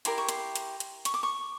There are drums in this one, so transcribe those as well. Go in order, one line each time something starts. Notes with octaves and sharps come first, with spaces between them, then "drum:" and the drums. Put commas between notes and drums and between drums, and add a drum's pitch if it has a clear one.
E4 G4 A#4 D5 C6, drum: hi-hat
C#6
C6, drum: hi-hat
drum: hi-hat
drum: hi-hat
C#6, drum: hi-hat
D6
C#6